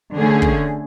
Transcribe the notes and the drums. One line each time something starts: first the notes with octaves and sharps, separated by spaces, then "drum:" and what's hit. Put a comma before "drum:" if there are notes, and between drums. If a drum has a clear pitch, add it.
D3 A3 C#4 G#4
drum: kick